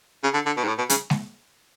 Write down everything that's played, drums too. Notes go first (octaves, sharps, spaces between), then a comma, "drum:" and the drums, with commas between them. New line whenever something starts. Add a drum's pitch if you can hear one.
C#3
D3
D3
B2
G#2
A2
B2
C#3, drum: hi-hat
drum: snare